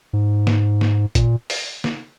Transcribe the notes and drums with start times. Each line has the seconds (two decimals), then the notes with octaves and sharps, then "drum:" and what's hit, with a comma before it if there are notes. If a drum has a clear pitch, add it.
0.13 G#2
0.47 drum: snare
0.81 drum: snare
1.15 A#2, drum: kick G#1, hi-hat
1.50 drum: open hi-hat
1.84 drum: snare